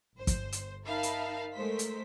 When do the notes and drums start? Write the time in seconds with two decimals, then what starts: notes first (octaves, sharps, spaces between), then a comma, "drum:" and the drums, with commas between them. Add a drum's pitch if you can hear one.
0.16 G1 C5
0.27 drum: kick, hi-hat
0.52 drum: hi-hat
0.86 D#4 A#4 E5 F5 A5 B5
1.03 drum: hi-hat
1.54 G#3 A3 A#4 C5 B6
1.79 drum: hi-hat